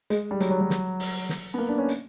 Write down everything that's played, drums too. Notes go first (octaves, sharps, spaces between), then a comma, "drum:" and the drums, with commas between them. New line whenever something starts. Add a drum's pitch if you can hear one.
G#3, drum: hi-hat
G3
F#3, drum: hi-hat
F#3
F#3
drum: snare
drum: open hi-hat
drum: snare
B3
A#3
D4
C#4
drum: hi-hat